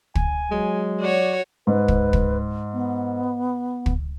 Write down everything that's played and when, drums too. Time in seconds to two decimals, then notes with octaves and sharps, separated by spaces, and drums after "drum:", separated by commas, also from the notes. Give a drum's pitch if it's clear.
0.15 G#5, drum: kick
0.51 F#3 G#3
1.01 F#4 C#5 D5
1.67 G#2 B4
1.88 drum: kick
2.13 drum: kick
2.73 B3
3.86 drum: kick